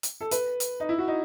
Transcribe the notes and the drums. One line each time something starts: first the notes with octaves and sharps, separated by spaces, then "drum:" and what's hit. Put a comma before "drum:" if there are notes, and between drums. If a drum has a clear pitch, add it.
drum: hi-hat
A4
B4, drum: hi-hat
drum: hi-hat
D#4
E4
F#4
D#4